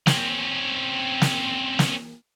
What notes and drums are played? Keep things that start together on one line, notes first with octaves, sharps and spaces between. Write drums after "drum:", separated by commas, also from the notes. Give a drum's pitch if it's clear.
C4 C#4, drum: snare
drum: snare
drum: snare